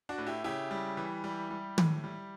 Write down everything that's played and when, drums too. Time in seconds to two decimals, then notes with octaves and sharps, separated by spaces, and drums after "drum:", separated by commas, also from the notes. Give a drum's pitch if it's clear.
0.09 D4 F#4
0.18 A2
0.27 E4 G4
0.44 C#3 E4 G4
0.71 G3
0.97 E3
1.24 G3
1.50 G3
1.78 A2, drum: tom
2.04 G3